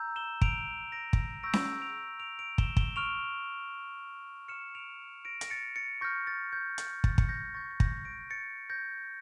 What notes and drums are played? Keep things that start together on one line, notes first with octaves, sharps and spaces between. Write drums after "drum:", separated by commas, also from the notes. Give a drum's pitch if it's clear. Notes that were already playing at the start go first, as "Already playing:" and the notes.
Already playing: A#5 E6 G6
E7 G7
D7 F7, drum: kick
A#6 D7
drum: kick
C#6 E6 G6 A#6 D7
drum: snare C#4
D7 F7
D7 F7
D7 F7
E7 G7, drum: kick
E7 G7, drum: kick
C#6 F6 D7 F7
C#6 F6 C#7 E7
D7 F7
A#6 D7
A#6, drum: hi-hat
A6 C#7
A6 C#7
C#6 F6 G6 A#6
A6
G6
A6, drum: hi-hat
A6, drum: kick
C#7, drum: kick
G6 A#6
C#6 G6 A6
A6
G6 A#6, drum: kick
A#6 D7
A6 C#7
G6 A#6